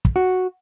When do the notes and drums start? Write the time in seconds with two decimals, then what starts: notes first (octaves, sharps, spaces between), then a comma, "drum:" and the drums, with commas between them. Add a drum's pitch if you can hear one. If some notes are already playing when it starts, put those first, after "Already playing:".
0.05 drum: kick
0.16 F#4